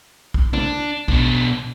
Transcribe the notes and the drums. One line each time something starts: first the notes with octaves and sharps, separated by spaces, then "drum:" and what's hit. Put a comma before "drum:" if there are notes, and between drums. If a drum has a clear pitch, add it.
drum: kick
D4, drum: tom
B2 D4, drum: kick